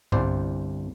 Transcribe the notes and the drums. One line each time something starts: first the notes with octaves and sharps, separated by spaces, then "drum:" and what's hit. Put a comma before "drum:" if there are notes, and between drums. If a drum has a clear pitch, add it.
G1 C2 C5 D5, drum: tom G2